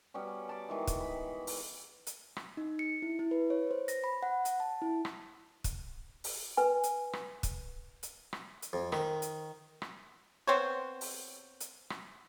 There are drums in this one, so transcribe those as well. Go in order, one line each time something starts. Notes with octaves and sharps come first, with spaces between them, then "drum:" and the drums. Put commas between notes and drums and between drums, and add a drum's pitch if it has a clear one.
F#3 G3 B3 C#4
A5 D6
D#3 E3 G#3
drum: kick, hi-hat
B5
drum: open hi-hat
drum: hi-hat
drum: rim click
D#4
C#7
E4
E4
B4
C#5
C5
A#6, drum: hi-hat
B5
F#5
drum: hi-hat
A5
E4
drum: rim click
drum: kick, hi-hat
drum: open hi-hat
B4 G#5
drum: hi-hat
drum: rim click
drum: kick, hi-hat
drum: hi-hat
drum: rim click
drum: hi-hat
F2
D#3, drum: rim click
drum: hi-hat
drum: rim click
B3 C4 C5 C#5
drum: open hi-hat
drum: hi-hat
drum: rim click